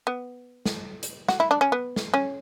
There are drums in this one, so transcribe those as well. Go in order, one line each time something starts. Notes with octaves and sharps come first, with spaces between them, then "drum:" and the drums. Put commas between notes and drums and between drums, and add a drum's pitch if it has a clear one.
B3
drum: snare
drum: hi-hat
F#4, drum: snare
E4
D4
C#4
B3
drum: snare
C#4